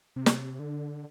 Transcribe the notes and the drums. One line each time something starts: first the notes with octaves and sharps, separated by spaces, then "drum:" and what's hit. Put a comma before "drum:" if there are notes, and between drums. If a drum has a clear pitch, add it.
C3
drum: snare
D3